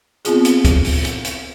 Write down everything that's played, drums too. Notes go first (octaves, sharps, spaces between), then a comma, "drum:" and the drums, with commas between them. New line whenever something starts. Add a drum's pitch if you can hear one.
B3 C4 F4 G#4, drum: hi-hat
drum: hi-hat
drum: kick, hi-hat
drum: open hi-hat
drum: hi-hat
drum: hi-hat